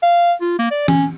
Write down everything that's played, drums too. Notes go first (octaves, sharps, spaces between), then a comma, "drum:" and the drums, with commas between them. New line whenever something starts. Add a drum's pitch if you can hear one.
F5
F4
A#3
D5
C#4, drum: tom E3